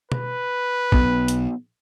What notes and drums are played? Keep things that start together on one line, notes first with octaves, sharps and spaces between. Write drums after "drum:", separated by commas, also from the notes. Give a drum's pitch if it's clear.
B4, drum: tom B2
B1 B3, drum: kick
drum: hi-hat